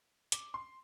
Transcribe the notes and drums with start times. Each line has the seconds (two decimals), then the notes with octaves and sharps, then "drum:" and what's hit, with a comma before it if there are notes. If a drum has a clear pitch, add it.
0.32 D6, drum: hi-hat
0.54 C6